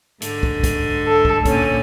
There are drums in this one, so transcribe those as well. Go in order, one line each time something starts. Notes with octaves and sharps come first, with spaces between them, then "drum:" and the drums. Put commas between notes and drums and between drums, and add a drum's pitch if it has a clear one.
G#2 D3, drum: hi-hat
drum: kick
drum: kick, hi-hat
A4
drum: kick
A#2 D3 C#4, drum: kick, hi-hat